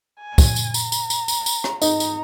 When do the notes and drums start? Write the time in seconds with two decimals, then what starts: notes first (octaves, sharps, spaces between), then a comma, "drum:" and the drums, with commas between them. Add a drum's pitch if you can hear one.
0.20 G#5
0.38 drum: kick, tambourine
0.56 drum: tambourine
0.74 A#5, drum: tambourine
0.92 drum: tambourine
1.10 drum: tambourine
1.28 drum: tambourine
1.46 drum: tambourine
1.64 drum: rim click
1.82 D#4 A#5, drum: tambourine
2.00 drum: tambourine